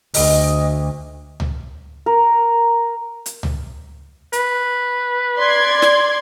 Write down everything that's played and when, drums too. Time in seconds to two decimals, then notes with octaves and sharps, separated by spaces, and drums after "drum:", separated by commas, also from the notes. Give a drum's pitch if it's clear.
0.14 D2 D#5, drum: open hi-hat
1.40 drum: tom C#2
2.06 A#4
3.26 drum: hi-hat
3.43 drum: tom C#2
4.33 B4, drum: hi-hat
5.39 D5 C6 G#6
5.82 drum: snare